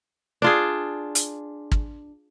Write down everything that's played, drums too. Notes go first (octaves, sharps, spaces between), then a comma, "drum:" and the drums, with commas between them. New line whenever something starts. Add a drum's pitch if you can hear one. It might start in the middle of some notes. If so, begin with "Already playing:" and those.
D4 F4 G#4
drum: hi-hat
drum: kick